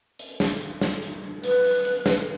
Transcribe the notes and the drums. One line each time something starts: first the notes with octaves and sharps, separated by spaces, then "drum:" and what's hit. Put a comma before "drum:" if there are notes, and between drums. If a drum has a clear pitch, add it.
drum: hi-hat
drum: snare
drum: hi-hat
drum: snare
drum: hi-hat
B4, drum: hi-hat
drum: open hi-hat
drum: hi-hat
drum: snare